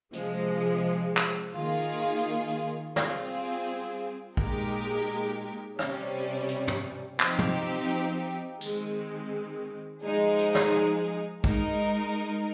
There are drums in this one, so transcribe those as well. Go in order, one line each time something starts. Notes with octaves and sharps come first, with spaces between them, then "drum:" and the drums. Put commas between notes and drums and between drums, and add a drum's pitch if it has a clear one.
C3 F3 G#3, drum: hi-hat
drum: clap
D#3 A#3 F4 G#4
drum: hi-hat
G3 C4 F4 G#4, drum: snare
A#2 G#3 D#4 G4 A#4, drum: kick
C3 G3 C#4, drum: rim click
drum: hi-hat
drum: tom
F3 C4 D#4 G4, drum: clap
drum: tom
D#3 G#3 C4, drum: tambourine
F3 G#3 D#4 G#4
drum: hi-hat
drum: snare
G#3 D#4 A#4, drum: kick